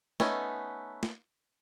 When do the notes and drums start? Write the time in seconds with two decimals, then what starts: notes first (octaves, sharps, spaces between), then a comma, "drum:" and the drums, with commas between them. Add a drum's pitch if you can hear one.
0.20 A3 B3 C#4 D#4, drum: snare
1.03 drum: snare